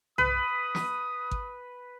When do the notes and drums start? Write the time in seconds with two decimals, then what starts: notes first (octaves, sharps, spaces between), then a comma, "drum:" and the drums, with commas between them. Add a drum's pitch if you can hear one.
0.18 B4 D#6, drum: tom B1
0.75 drum: snare
1.31 drum: kick G#1